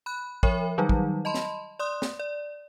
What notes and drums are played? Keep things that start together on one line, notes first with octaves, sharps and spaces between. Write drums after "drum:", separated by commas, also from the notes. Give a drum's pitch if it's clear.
B5 F#6
F3 A#4 C#5 E5 B5, drum: kick
D#3 F#3 G3 D#4
drum: kick
D#5 A5 B5 C6
drum: snare
D5 C6 D#6 F#6
drum: snare
D5